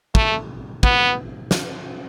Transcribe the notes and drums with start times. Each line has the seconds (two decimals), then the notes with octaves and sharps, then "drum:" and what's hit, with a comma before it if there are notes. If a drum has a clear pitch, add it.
0.15 A3, drum: kick
0.83 B3, drum: kick
1.51 drum: snare